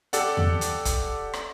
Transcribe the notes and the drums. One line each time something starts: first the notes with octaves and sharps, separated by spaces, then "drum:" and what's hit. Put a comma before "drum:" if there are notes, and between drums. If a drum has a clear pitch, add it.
G4 A4 D5 F#5, drum: hi-hat
drum: tom E2
drum: hi-hat
drum: kick, hi-hat
drum: rim click